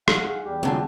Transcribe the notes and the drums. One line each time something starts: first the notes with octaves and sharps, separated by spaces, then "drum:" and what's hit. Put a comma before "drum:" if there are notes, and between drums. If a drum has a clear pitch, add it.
D#4 F5 F#5, drum: rim click
G#4
E2 G3 G4
F#2 D3 F3 G#3 C4 G#4 F#5